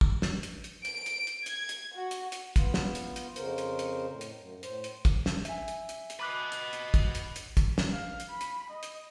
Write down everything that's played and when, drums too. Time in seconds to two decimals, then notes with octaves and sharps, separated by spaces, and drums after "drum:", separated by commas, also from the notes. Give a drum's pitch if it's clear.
0.01 drum: kick
0.22 drum: snare
0.43 drum: hi-hat
0.64 drum: hi-hat
0.85 D7, drum: hi-hat
1.06 drum: hi-hat
1.27 drum: hi-hat
1.46 G#6, drum: hi-hat
1.69 drum: hi-hat
1.96 F#4
2.11 drum: hi-hat
2.32 drum: hi-hat
2.56 B3 F4, drum: kick, hi-hat
2.74 drum: snare
2.95 drum: hi-hat
3.16 drum: hi-hat
3.36 F2 C#3 A#4 C5, drum: hi-hat
3.58 drum: hi-hat
3.79 drum: hi-hat
4.09 A2
4.21 drum: hi-hat
4.36 F#2
4.63 A2 C5, drum: hi-hat
4.84 drum: hi-hat
5.05 drum: kick, hi-hat
5.26 drum: snare
5.45 E5 G#5, drum: hi-hat
5.68 drum: hi-hat
5.89 drum: hi-hat
6.10 drum: hi-hat
6.20 B4 D#5 B5 D6 F#6
6.52 drum: hi-hat
6.73 drum: hi-hat
6.94 drum: kick, hi-hat
7.15 drum: hi-hat
7.36 drum: hi-hat
7.57 drum: kick, hi-hat
7.78 drum: snare
7.92 F5
8.20 drum: hi-hat
8.30 B5
8.41 drum: hi-hat
8.70 D#5
8.83 drum: hi-hat